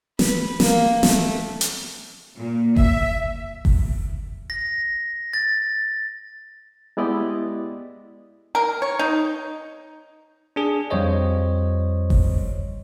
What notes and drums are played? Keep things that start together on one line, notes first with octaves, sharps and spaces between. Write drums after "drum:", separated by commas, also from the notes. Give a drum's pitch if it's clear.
B4, drum: snare
A#3, drum: snare
A3, drum: snare
drum: hi-hat
A#2
E5, drum: kick F#1
drum: kick F#1
A#6
A6
G#3 B3 E4 G4 D5 D#5
A#4
C#5
D#4
D4 G#4
F2 G3 C5 C#5 D#5
drum: kick F#1